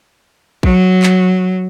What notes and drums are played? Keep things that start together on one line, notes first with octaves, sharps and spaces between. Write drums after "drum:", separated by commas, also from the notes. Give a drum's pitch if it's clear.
F#3, drum: kick A#1
drum: clap